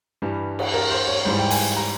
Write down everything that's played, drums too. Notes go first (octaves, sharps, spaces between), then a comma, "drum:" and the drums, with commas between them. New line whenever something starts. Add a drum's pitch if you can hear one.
G2 E3 G3
drum: cymbal
A#4
C5
C#5
G#2 E3 G3 C5
G5
G#5, drum: open hi-hat
A#5